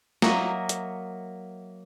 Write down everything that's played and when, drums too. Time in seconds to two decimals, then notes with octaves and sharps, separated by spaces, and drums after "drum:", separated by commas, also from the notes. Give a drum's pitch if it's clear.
0.22 F#3 A#3 A#4 D#5 E5 F#5, drum: snare
0.69 drum: hi-hat